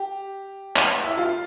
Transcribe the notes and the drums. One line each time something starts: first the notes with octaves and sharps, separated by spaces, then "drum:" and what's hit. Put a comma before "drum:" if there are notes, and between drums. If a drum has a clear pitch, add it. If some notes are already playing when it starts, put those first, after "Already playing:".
Already playing: G4
drum: clap
E4
F4